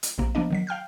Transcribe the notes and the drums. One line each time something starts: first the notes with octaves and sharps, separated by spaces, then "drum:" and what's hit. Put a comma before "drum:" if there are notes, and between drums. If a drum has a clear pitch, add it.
drum: hi-hat
A#1 C3 A#3
F3 A#3 B3 D4 D#5
D#3 F#3 B6
F5 G5 F6 G6